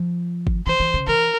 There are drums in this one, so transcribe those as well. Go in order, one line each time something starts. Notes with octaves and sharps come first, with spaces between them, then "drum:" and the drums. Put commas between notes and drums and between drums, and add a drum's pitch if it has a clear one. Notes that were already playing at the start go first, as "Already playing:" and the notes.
Already playing: F3
drum: kick
E3 C5
E3
C#3
E3 A#4